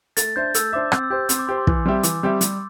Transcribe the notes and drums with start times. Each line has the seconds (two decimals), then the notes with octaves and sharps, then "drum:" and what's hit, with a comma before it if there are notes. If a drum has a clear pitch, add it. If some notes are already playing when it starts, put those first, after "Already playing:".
0.17 A3 A6, drum: hi-hat
0.36 D4 C5 E5 G6
0.54 A3 E6, drum: hi-hat
0.73 D4 C5 E5 D6
0.92 C4 E6, drum: rim click
1.03 E6
1.10 G4 C5 G6
1.29 C4 G6, drum: hi-hat
1.39 D6
1.47 G4 C5 C6
1.58 C6
1.67 E3, drum: kick
1.86 G3 C4 G4 E5
2.03 E3 D6, drum: hi-hat
2.23 G3 C4 G4 E5
2.41 G3, drum: hi-hat